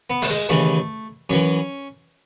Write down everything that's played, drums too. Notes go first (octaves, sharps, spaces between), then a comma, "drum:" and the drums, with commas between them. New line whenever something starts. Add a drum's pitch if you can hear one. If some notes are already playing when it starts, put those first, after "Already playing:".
B3
A3, drum: open hi-hat
G#3
D#2 C#3 E3 A3
F#2 E3 C#4